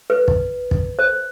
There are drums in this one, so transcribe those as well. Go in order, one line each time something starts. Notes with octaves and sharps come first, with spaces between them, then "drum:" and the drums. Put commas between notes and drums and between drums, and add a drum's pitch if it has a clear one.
B4
drum: kick
drum: kick
C5